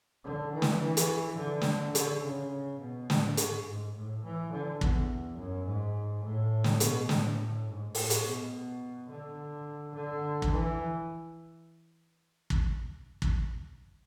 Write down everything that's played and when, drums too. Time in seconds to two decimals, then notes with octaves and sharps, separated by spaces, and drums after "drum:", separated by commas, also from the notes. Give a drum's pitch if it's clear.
0.24 D3
0.53 E3
0.62 drum: snare
0.81 E3
0.97 drum: hi-hat
1.37 D3
1.62 drum: snare
1.95 D3, drum: hi-hat
2.23 C#3
2.80 B2
3.10 A2, drum: snare
3.37 G#2, drum: hi-hat
3.66 G#2
3.96 A2
4.24 E3
4.52 D3
4.81 E2, drum: kick
5.37 F#2
5.66 G#2
6.23 A2
6.64 drum: snare
6.80 B2, drum: hi-hat
7.09 A2, drum: snare
7.67 G#2
7.95 A2, drum: open hi-hat
8.10 drum: hi-hat
8.24 B2
9.10 D3
9.94 D3
10.42 drum: kick
10.52 E3
12.50 drum: kick
13.22 drum: kick